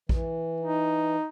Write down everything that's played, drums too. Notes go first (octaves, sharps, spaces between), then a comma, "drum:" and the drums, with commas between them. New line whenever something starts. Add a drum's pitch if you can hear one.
E3, drum: kick A#1
D#4